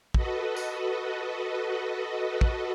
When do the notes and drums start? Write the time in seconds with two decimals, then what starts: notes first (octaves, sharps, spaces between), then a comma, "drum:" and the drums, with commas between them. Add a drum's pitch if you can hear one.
0.14 F#4 A4 B4 D#5, drum: kick
0.56 drum: tambourine
2.41 drum: kick